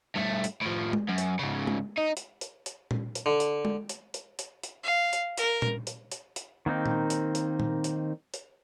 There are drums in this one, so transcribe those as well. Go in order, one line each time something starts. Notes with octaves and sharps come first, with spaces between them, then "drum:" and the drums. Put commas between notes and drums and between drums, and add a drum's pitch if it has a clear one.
G2 A3
drum: hi-hat
A2 F3
drum: tom G#3
F#2
drum: hi-hat
G#2 C#3
drum: tom G#3
D#4
drum: hi-hat
drum: hi-hat
drum: hi-hat
drum: tom A#2
drum: hi-hat
D3
drum: hi-hat
drum: tom G#3
drum: hi-hat
drum: hi-hat
drum: hi-hat
drum: hi-hat
F5
drum: hi-hat
A#4, drum: hi-hat
drum: tom A#2
drum: hi-hat
drum: hi-hat
drum: hi-hat
D#3 A#3 C4 D#4
drum: tom A#2
drum: hi-hat
drum: hi-hat
drum: tom A#2
drum: hi-hat
drum: hi-hat